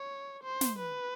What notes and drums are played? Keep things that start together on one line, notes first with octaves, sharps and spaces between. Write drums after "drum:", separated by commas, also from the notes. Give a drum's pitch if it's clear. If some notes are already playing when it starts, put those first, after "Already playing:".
Already playing: C#5
C5
drum: snare
B4